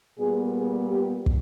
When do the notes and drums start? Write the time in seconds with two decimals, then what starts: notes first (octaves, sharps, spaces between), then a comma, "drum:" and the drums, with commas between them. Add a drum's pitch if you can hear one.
0.19 A#2 G3 B3 G#4
0.55 G#4
0.90 G4
1.26 drum: kick